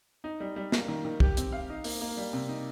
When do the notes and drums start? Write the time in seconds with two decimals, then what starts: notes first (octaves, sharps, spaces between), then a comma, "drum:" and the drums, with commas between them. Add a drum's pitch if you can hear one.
0.24 D#4
0.40 G3
0.56 G3
0.72 A#3, drum: snare
0.88 D#3
1.05 D#3
1.20 G4, drum: kick
1.37 C4, drum: hi-hat
1.52 F5
1.70 D#4
1.84 A#3, drum: open hi-hat
2.01 A#3
2.17 G3
2.33 C3
2.49 D#4